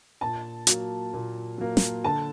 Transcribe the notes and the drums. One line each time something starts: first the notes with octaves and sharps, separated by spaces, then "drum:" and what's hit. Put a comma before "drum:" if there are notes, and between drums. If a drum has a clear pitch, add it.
A#2 A5
F#3 A#3, drum: hi-hat
A#2
F#3 A#3
drum: snare
D3 A5